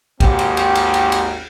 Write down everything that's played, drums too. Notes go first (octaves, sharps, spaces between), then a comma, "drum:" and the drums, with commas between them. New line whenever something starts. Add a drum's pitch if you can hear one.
G#1 D#2 C4 G4, drum: kick, cymbal
drum: cymbal
drum: cymbal
drum: cymbal
drum: cymbal
drum: cymbal